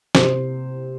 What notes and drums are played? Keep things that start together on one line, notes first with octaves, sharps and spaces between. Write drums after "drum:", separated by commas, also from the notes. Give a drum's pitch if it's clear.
C3 C5, drum: snare